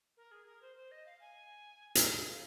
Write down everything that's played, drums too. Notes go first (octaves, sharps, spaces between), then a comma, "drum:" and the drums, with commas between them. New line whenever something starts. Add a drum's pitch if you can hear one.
A#4
G#4
A#4
C5
C5
D#5
F5
G#5
A#5, drum: hi-hat
G#5
F5